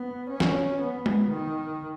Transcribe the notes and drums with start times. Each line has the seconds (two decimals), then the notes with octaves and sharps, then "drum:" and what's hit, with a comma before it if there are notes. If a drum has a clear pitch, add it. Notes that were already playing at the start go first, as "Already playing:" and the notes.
Already playing: B3
0.30 C#4
0.40 drum: snare
0.81 B3
1.06 drum: tom G#3
1.32 D#3